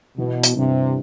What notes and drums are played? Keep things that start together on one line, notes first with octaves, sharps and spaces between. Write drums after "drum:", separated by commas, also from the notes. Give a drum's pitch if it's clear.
B2 E3
drum: hi-hat
G2 C3